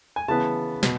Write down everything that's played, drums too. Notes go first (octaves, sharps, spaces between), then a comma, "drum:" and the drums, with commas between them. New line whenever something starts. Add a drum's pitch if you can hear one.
G#5
C#3 E3 B3 A5
B2, drum: snare